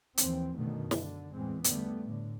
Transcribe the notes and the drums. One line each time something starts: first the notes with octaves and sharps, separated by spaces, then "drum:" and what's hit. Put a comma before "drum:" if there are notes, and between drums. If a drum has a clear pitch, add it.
D#2 E3 F3 C4, drum: hi-hat
F#2 B2 D3 D#3 A3
D3, drum: snare
E2 A2 E3 G#3 C4
D3 G3 A3 B3, drum: hi-hat
A2 D3